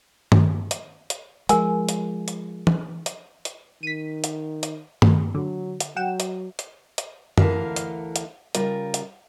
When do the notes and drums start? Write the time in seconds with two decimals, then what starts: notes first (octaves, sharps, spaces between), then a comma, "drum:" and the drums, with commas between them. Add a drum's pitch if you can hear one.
0.32 drum: tom
0.71 drum: hi-hat
1.10 drum: hi-hat
1.49 F3 G#3 A#4 G#5, drum: hi-hat
1.89 drum: hi-hat
2.28 drum: hi-hat
2.67 drum: tom
3.06 drum: hi-hat
3.45 drum: hi-hat
3.83 D#3 B6 D#7
4.24 drum: hi-hat
4.63 drum: hi-hat
5.02 drum: tom
5.35 D3 F#3
5.80 drum: hi-hat
5.96 F#3 F#5 G5 E7
6.20 drum: hi-hat
6.59 drum: hi-hat
6.98 drum: hi-hat
7.38 D2 D3 E3 A#4 F5, drum: tom F#2
7.76 drum: hi-hat
8.16 drum: hi-hat
8.55 C#3 G3 F4 A#4, drum: hi-hat
8.94 drum: hi-hat